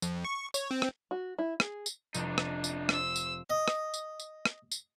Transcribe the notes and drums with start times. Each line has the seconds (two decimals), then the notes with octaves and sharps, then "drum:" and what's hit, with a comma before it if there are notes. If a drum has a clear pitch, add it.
0.02 F2, drum: tambourine
0.24 C#6
0.54 C#5, drum: tambourine
0.71 C4
0.82 drum: rim click
1.11 F#4
1.39 E4
1.60 G#4, drum: rim click
1.86 drum: tambourine
2.14 F1 D4 D#4, drum: tambourine
2.38 drum: rim click
2.64 drum: tambourine
2.89 C5 E6, drum: rim click
3.16 drum: tambourine
3.50 D#5
3.68 drum: rim click
3.94 drum: tambourine
4.20 drum: tambourine
4.45 drum: rim click
4.71 drum: tambourine